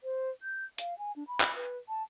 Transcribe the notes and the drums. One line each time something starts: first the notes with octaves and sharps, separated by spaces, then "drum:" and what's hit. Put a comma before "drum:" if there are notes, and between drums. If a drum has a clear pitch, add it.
C5
G6
F5, drum: hi-hat
G#5
D4
B5
drum: clap
B4
A5